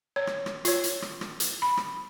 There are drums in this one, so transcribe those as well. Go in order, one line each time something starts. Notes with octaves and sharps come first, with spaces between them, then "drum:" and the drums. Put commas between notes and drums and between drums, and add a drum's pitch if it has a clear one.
C#5
drum: rim click
drum: rim click
F4 C#5, drum: hi-hat
drum: hi-hat
drum: rim click
drum: rim click
drum: hi-hat
B5
drum: rim click